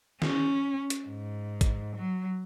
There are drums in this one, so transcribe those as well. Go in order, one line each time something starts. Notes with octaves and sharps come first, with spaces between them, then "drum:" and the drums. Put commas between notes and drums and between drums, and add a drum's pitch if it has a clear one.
C#4, drum: snare
drum: hi-hat
G#2
drum: kick A1, hi-hat
F#3